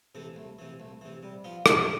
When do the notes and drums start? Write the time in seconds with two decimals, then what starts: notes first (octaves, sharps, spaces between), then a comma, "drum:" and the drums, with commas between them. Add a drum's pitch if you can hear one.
0.15 C3 E3 A3
0.36 C2 A3
0.59 C3 E3
0.80 C2 A3
1.01 C3 E3
1.23 C3 G3
1.44 F3 B3 F4
1.66 C3 F3, drum: rim click